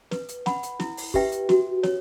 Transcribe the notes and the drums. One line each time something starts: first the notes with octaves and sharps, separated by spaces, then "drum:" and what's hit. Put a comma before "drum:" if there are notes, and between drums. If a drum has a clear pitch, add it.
B4, drum: snare
drum: hi-hat
F#5 B5, drum: snare
drum: hi-hat
E4, drum: snare
drum: open hi-hat
G4 B4 E5 G5, drum: kick
drum: hi-hat
F#4, drum: snare
C#5, drum: snare